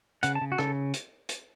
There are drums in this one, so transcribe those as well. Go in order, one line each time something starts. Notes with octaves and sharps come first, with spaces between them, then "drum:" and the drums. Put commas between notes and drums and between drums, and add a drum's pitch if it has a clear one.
C#3 F#5, drum: hi-hat
A5
C#3
F#4
C#3 A4, drum: rim click
drum: hi-hat
drum: hi-hat